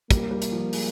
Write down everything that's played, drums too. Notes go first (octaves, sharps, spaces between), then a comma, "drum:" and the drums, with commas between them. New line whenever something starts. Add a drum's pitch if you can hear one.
G3 A#3, drum: kick, hi-hat
G3
drum: hi-hat
F3
G#3, drum: open hi-hat